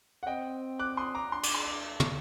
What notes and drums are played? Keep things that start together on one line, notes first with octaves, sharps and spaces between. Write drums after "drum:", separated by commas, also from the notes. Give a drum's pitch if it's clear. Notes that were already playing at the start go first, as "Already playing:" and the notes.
F#5
C4 D#5 G5
D6 F#6
C6 D#6
A#5 D6
D4 C6
D6, drum: cymbal
C6
D6
drum: tom